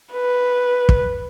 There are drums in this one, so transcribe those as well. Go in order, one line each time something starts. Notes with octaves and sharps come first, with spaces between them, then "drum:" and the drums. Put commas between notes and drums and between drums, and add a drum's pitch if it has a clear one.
B4
drum: kick